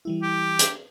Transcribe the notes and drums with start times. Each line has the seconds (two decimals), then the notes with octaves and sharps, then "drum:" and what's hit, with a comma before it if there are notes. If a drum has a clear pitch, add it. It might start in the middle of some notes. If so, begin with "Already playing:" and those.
0.05 E3 G3 E4
0.22 G4
0.59 drum: hi-hat